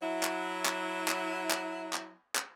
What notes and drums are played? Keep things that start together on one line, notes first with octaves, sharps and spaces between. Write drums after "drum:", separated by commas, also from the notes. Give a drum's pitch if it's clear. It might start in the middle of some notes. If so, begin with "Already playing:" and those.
F#3 E4
drum: clap
drum: clap
drum: clap
drum: clap
drum: clap
drum: clap